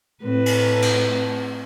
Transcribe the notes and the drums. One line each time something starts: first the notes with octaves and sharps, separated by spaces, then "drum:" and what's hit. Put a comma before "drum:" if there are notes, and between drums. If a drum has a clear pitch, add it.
A2 C4 B4
drum: cymbal
drum: cymbal